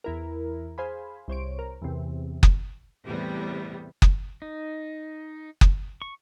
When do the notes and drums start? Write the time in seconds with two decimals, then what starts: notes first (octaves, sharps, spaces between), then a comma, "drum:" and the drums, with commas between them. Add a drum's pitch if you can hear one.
0.04 E2 E4 A#4
0.78 G#4 C5 F5 G#5 B5
1.28 C2 C5 C#5 D7
1.59 A#4
1.82 E2 C3
2.43 drum: kick F#1
3.05 E2 A2 C3 G3 B3
4.02 drum: kick F#1
4.42 D#4
5.61 drum: kick F#1
6.02 C#6